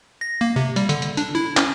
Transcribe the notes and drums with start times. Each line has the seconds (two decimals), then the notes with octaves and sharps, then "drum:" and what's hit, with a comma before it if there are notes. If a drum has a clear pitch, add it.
0.21 A#6
0.41 A#3
0.56 C3
0.76 G3, drum: hi-hat
0.89 D3, drum: hi-hat
1.02 drum: hi-hat
1.17 D4, drum: hi-hat
1.35 E4
1.57 C#4, drum: clap